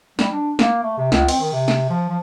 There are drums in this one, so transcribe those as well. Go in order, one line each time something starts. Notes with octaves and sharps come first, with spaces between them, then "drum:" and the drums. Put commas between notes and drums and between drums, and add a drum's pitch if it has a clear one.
G3, drum: snare
D4
A#3, drum: snare
A3
C3
C#2, drum: snare
C4, drum: cymbal
D#3
C3
drum: snare
F3
F3